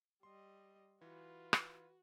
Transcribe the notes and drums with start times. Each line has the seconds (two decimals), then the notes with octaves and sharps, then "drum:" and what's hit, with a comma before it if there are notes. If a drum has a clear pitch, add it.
0.23 G3 D#5 C6
1.01 E3 F4 F#4 B4
1.53 drum: rim click